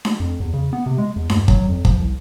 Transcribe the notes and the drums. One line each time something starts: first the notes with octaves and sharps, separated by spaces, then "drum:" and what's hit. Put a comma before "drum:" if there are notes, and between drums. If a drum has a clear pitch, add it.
drum: snare D4
F2
E2
C#3
B3
C3
G#3
E2
G2, drum: snare D4
F#3, drum: kick
F2
F3, drum: kick
C2